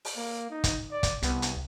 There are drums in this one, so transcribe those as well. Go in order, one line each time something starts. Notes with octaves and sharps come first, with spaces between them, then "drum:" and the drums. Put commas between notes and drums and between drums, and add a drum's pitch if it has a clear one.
drum: open hi-hat
A#3
D#4
drum: kick, hi-hat
D5
drum: kick, hi-hat
C2 B3, drum: hi-hat
drum: hi-hat